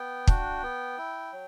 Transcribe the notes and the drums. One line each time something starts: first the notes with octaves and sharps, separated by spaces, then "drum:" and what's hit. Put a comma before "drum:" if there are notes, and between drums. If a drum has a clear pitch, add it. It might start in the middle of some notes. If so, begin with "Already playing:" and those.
Already playing: B3 G5
D4 F#4, drum: kick
B3
E4
F#3